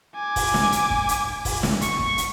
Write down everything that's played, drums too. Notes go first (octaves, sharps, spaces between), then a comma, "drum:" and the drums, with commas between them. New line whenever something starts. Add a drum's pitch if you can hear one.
G#5 D6
drum: kick, open hi-hat
drum: snare
drum: hi-hat
drum: kick
drum: hi-hat
drum: kick, open hi-hat
drum: snare
C#6, drum: hi-hat
drum: kick
drum: hi-hat